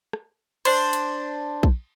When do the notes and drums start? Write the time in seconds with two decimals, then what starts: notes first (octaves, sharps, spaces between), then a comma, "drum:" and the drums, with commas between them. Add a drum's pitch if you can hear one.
0.13 drum: rim click
0.65 D4 C5, drum: cymbal
0.93 drum: hi-hat
1.63 drum: kick A#1